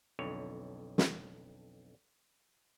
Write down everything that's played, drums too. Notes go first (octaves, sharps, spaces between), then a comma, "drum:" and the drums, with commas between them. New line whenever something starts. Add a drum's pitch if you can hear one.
B1 F2 D3 C#5
drum: snare